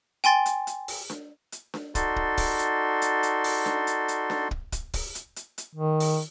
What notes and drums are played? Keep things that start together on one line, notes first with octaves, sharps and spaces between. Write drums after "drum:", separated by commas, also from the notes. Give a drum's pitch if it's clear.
G5 G#5 C6 A6, drum: hi-hat
drum: hi-hat
drum: hi-hat
drum: open hi-hat
drum: snare D4
drum: hi-hat
drum: snare D4
D#4 F#4 A4 D5 C6, drum: kick, hi-hat
drum: kick
drum: kick, open hi-hat
drum: hi-hat
drum: hi-hat
drum: hi-hat
drum: open hi-hat
drum: snare D4
drum: hi-hat
drum: hi-hat
drum: snare D4
drum: kick
drum: kick, hi-hat
drum: kick, open hi-hat
drum: hi-hat
drum: hi-hat
drum: hi-hat
D#3
drum: open hi-hat